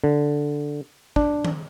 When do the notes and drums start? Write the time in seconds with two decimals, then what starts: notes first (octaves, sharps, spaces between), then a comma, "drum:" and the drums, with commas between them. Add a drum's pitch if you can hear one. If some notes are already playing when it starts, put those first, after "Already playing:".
0.04 D3
1.16 D4, drum: kick
1.45 drum: tom D#3